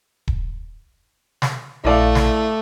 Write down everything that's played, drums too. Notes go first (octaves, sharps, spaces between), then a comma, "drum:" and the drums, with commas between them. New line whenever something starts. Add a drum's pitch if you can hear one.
drum: kick D#1
drum: snare
A#1 A3 E4 D5 F5
drum: snare